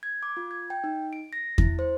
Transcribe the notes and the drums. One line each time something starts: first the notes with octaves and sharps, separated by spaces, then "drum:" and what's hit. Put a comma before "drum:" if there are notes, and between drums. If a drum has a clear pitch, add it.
G#6
D6
F4
G#6
G5
D#4
D7
A#6
E4, drum: kick E2
C5